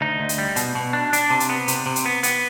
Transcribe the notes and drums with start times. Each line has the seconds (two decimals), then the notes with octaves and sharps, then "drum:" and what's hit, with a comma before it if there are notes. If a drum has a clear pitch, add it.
0.01 D2 D#4
0.20 D2
0.29 drum: hi-hat
0.38 G3
0.56 B2, drum: hi-hat
0.75 B2
0.93 D4
1.13 D4, drum: hi-hat
1.30 C3
1.40 drum: hi-hat
1.49 B3
1.68 C3, drum: hi-hat
1.86 C3
1.96 drum: hi-hat
2.06 B3
2.23 B3, drum: hi-hat